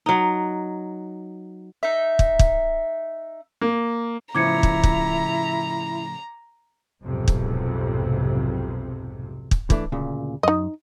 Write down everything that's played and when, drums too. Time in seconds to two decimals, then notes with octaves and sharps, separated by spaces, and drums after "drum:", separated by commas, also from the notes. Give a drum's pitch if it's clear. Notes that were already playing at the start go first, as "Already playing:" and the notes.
0.06 F#3 D#4
1.83 D#4 E5
2.19 drum: kick
2.39 drum: kick
3.61 A#3
4.35 A2 C#3 F3 E4 A#5 D6 G#6 C#7
4.63 drum: kick
4.83 drum: kick
7.04 B1 F2 G#2 C3
7.28 drum: kick
9.51 drum: kick
9.70 E3 A3 D4, drum: kick
9.92 D2 A#2 C#3
10.43 F#2 D#4 D#5